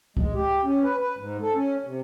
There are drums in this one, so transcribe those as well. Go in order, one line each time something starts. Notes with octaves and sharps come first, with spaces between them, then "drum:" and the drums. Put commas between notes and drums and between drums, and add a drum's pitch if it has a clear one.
G#3, drum: kick C#2
G4
C#4
B4
B4
G#2
A4
C#4
C3